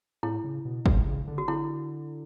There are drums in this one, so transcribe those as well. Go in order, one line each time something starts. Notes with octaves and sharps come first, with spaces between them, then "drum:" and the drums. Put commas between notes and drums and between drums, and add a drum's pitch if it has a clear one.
A2 E4
C#3
B2
A2, drum: kick
C#3
D3
F#4
D3 E4